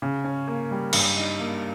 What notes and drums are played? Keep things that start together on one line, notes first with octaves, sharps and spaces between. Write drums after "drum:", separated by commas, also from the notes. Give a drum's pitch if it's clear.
C#3
C#4
A#3
G3
G2, drum: cymbal
D#4
A#3